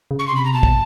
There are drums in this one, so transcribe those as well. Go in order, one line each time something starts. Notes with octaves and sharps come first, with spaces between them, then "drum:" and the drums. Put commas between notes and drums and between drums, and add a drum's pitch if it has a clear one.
C#3
C#6
C6
C3 B5
A#5
B2 A5
drum: kick